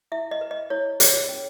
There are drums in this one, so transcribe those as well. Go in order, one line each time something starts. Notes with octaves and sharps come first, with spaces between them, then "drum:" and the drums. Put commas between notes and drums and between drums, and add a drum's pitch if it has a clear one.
E4 E5
D#5
B4
D#5
E4 C#5
G#4 C#5, drum: hi-hat
C#4